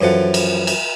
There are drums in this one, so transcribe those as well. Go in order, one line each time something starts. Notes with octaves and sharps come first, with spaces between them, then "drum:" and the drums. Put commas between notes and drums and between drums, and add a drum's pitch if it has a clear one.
F#2 E3 F3 A4 F#5
drum: cymbal
drum: cymbal